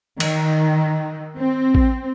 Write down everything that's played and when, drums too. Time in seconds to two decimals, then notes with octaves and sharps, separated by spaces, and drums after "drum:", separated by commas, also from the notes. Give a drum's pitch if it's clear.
0.20 D#3, drum: cymbal
1.39 C4
1.75 drum: kick A1